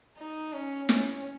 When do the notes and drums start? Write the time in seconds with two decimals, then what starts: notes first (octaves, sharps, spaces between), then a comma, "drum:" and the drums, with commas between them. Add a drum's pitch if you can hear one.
0.18 D#4
0.53 C#4
0.89 C#4, drum: snare